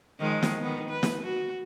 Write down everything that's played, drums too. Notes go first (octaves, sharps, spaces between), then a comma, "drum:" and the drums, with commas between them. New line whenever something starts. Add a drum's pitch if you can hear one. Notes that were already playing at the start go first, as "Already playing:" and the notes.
D#3 F3 G#3
drum: snare
D#3 B3
B4
drum: snare
F#4